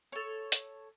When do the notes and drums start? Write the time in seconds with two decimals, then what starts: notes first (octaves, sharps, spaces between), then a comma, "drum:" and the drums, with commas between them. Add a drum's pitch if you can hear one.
0.12 A4 C#5
0.52 drum: hi-hat